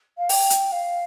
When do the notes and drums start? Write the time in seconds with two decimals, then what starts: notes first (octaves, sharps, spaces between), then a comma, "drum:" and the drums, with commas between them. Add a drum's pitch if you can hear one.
0.18 F5
0.29 G5, drum: open hi-hat
0.50 drum: hi-hat
0.72 F5